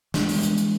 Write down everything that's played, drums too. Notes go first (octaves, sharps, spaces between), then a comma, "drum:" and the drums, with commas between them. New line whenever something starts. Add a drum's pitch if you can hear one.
E3 G#3 B3 D4, drum: snare
drum: open hi-hat
drum: hi-hat
drum: hi-hat